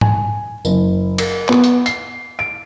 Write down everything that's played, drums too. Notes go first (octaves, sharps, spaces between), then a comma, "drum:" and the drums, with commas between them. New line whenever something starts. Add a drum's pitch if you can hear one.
G#5, drum: tom G#2
F#1, drum: tambourine
A#4, drum: cymbal
B3, drum: clap
drum: hi-hat
C7, drum: hi-hat
D7